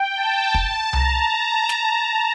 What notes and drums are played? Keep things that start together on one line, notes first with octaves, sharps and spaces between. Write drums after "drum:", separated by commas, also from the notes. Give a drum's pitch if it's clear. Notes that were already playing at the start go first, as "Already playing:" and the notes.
Already playing: G5
A5
drum: kick
A#5, drum: tom C2
drum: snare